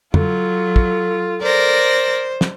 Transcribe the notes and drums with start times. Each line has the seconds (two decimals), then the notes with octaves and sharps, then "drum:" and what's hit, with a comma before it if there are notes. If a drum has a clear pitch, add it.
0.14 F#3 F4 A4, drum: tom
0.76 drum: kick
1.42 A#4 C5 D5 A#6
2.41 drum: snare